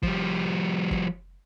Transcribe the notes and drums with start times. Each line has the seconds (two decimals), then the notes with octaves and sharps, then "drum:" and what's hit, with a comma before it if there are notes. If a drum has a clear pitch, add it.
0.03 F3 G3, drum: kick F#1
0.91 drum: kick F#1